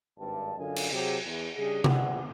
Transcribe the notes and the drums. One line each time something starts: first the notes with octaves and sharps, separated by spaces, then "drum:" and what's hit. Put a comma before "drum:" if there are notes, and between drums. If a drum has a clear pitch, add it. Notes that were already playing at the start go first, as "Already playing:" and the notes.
G#1 G2 A5
F#2 D3 F4 A#4 D#5 G#5
drum: cymbal
C3 F#3 G4 G#4
E2
C#3 G3 D4 G#4
A#1 C#3 E3 G3 F#5, drum: tom C3